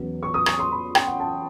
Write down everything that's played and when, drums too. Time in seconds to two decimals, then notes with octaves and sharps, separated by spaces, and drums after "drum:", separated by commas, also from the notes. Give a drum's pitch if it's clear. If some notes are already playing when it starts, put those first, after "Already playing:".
Already playing: E2 C#3 F#3 B3
0.23 C#6
0.34 D#6
0.46 C#6, drum: rim click
0.59 C6
0.72 B5
0.95 G5, drum: rim click
1.07 F#5
1.20 A5